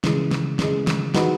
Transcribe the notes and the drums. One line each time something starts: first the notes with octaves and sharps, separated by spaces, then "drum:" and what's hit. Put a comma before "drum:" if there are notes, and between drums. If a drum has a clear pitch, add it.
C#3 E3 G#3, drum: snare
drum: snare
C#3 E3 G#3, drum: snare
drum: snare
E3 G#3 D#4 F#4 B4, drum: snare